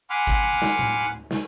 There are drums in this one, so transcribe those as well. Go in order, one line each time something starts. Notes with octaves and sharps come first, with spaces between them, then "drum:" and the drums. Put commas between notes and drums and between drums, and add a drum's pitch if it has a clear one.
F#5 G#5 B5 C6 D6 F6
drum: kick G#1
drum: snare
drum: tom A2
drum: snare